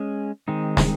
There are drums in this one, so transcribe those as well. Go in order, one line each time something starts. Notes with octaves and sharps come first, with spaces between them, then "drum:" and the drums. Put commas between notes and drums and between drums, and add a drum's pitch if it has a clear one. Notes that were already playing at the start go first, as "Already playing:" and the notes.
Already playing: G#3 C#4 G#4
D#3 G#3 C4 D#4
drum: snare